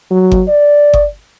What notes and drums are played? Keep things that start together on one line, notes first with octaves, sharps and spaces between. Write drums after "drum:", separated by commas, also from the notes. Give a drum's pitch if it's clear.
F#3
drum: kick G1
D5
drum: kick G1